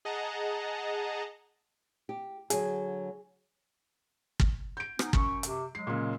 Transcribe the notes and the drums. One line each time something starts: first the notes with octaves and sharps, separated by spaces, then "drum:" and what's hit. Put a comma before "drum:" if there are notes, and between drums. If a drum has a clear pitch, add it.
G#4 D#5 F#5 A5 A#5
G4
D3 F#3 G#4, drum: hi-hat
drum: kick
G6 D7
B3 C#4 D#4, drum: rim click
F#2 C#6, drum: kick
C3, drum: hi-hat
F#3 G#3 C7
A#2 C#3